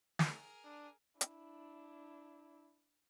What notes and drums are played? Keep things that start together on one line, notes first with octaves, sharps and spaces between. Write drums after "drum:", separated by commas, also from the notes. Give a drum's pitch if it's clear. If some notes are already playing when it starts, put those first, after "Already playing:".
G#4 A#4, drum: snare
D4
D4 E4, drum: hi-hat